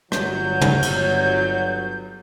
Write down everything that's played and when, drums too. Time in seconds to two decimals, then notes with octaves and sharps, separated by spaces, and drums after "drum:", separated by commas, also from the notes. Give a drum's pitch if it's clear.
0.12 G1 F#3 G6, drum: rim click
0.61 drum: tom
0.83 drum: cymbal